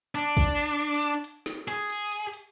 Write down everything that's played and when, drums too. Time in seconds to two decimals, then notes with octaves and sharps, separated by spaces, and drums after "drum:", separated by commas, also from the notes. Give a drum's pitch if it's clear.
0.15 D4, drum: hi-hat
0.37 drum: kick, hi-hat
0.59 drum: hi-hat
0.80 drum: hi-hat
1.02 drum: hi-hat
1.24 drum: hi-hat
1.46 drum: snare
1.68 G#4, drum: hi-hat
1.90 drum: hi-hat
2.12 drum: hi-hat
2.33 drum: hi-hat